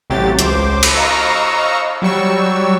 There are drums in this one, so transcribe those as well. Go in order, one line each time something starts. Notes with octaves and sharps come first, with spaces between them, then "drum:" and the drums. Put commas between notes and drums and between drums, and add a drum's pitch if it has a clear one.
A1 C3 F#3 G4 A6
C#2 C5 D6, drum: hi-hat
drum: cymbal
D#5 F5 A#5 C#6 E6 C#7
F#3 G3 C#6 E6